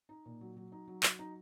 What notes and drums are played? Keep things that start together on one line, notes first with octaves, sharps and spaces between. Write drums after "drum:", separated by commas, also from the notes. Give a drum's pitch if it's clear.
D#4
A#2
F#3
F#3
D#4
F#3
F#3, drum: clap
D#4